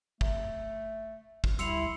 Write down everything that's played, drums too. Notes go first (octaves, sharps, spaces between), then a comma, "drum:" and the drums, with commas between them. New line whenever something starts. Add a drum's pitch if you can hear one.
A3, drum: kick
drum: kick
D2 G3 E4 C6 E6 C#7 F7, drum: hi-hat